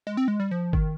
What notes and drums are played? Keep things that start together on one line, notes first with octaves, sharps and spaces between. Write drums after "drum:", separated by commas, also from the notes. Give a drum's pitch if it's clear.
G#3
C4
G#3
G3
F3
D#3, drum: kick G1